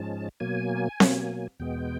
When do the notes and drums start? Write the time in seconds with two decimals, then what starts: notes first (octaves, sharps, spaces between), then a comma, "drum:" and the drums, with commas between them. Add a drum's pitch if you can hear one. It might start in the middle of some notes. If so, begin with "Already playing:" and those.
Already playing: G#2 F3 G#3 C#4 A5
0.40 B2 F#3 A#3 G#5
1.00 B2 F#3 A#3, drum: snare C4
1.60 E2 B2 G#3 B3 G5